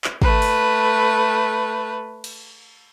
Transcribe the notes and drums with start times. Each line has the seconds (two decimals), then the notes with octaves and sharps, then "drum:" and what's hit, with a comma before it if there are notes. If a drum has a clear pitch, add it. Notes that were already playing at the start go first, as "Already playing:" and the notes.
0.04 drum: clap
0.22 A3 B4, drum: kick
0.42 drum: open hi-hat
2.24 drum: cymbal